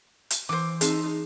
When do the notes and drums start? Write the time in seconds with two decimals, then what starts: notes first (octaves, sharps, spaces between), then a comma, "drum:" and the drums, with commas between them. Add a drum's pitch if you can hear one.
0.30 drum: hi-hat
0.49 E3 C5 D6
0.81 C4 D#4 G#4 E5 A5 C6, drum: hi-hat